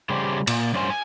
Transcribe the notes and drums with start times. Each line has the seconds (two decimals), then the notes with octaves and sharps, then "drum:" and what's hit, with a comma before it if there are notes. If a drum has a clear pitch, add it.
0.10 C#3 G3 A3 G4 G#4 C5
0.47 A#2, drum: cymbal
0.74 G2 C#4 C5 G#5
0.90 G#5